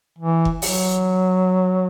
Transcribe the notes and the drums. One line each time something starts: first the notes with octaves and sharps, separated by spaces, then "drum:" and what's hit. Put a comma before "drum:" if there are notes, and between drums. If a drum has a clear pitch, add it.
E3
drum: kick F1
F#3, drum: open hi-hat